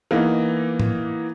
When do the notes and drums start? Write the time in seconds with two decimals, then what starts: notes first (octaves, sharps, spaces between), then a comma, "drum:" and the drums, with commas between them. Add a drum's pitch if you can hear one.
0.11 E3 A#3 B3 D#4
0.80 drum: tom A2